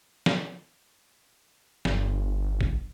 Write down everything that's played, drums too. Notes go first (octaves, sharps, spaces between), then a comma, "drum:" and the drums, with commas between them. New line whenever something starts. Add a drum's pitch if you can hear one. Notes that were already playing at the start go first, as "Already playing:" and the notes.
drum: snare
G1, drum: snare
drum: kick A#1